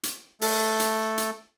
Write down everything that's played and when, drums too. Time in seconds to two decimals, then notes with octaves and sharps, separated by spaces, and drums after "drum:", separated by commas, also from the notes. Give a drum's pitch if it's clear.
0.03 drum: hi-hat
0.41 A3 A4, drum: open hi-hat
0.80 drum: hi-hat
1.18 drum: hi-hat